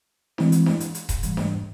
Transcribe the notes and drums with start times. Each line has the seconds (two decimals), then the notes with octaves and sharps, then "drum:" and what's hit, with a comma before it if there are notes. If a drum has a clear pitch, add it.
0.38 E3 G#3 C4 E4, drum: snare D4
0.52 drum: hi-hat
0.66 drum: snare D4
0.80 drum: hi-hat
0.95 drum: hi-hat
1.09 drum: kick D#1, hi-hat
1.23 G#2 E3 G3, drum: hi-hat
1.37 drum: snare D4